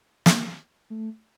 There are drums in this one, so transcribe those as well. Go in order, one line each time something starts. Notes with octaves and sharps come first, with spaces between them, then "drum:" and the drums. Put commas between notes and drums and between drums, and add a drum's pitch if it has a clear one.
A#3, drum: snare
A3